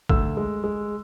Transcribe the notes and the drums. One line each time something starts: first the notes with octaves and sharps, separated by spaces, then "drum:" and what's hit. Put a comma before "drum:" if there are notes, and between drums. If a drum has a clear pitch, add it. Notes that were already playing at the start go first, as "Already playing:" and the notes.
D2 E6, drum: kick
G#3
G#3